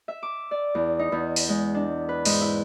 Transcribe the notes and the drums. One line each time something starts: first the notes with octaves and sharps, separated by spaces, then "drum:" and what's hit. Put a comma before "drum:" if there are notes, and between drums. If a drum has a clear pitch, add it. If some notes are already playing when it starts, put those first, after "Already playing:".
E5
D6
D5
E2
D#4
E2
drum: open hi-hat
G#3
D4
B4
G#2, drum: open hi-hat
E4